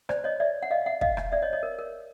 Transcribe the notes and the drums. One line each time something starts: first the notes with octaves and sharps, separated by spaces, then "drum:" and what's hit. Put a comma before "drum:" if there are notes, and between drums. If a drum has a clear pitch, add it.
C5 D5, drum: rim click
C#5 D#5
D5 E5
F#5
D#5 F5
E5 F#5
D#5 F5, drum: kick
drum: rim click
D5 E5
C#5 D#5
C#5 D#5
A#4
A#4